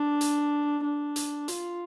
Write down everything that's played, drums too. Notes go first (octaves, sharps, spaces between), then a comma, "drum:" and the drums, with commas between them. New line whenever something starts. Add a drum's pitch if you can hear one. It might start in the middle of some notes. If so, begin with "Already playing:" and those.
Already playing: D4
drum: hi-hat
D4
drum: hi-hat
F4, drum: hi-hat